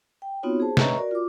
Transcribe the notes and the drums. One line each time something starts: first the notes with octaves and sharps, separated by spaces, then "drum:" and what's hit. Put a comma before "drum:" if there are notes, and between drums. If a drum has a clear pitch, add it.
G5
B3 C4 D#4 F4 F#4 C#5
G#4 C5 A5
B4 C#5 D#5 E5 A#5 C#6, drum: snare
F#4 A#4 D5
F4 D6